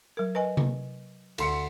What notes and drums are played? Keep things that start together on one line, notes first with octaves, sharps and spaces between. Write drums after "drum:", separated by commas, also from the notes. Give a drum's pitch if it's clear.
F#3 A#4
B4 D#5 G#5
drum: tom C3
D2 C6 C#7, drum: cymbal